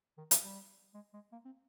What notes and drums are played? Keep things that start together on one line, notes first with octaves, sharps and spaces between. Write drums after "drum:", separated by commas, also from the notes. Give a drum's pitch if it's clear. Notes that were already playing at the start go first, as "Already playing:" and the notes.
D#3
F3, drum: hi-hat
G3
G#3
G#3
A#3
C4